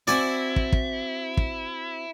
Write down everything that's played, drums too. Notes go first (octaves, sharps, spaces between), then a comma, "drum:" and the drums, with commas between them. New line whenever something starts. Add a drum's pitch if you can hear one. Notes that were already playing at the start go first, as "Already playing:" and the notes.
C4 E4 F#4 D5 G#5
drum: kick
drum: kick
drum: kick